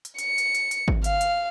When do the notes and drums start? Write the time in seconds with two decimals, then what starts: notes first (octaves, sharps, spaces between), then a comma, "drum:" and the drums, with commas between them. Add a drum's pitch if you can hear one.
0.05 drum: hi-hat
0.19 C#7, drum: hi-hat
0.38 drum: hi-hat
0.55 drum: hi-hat
0.71 drum: hi-hat
0.88 drum: kick G#1
1.04 F5, drum: hi-hat
1.21 drum: hi-hat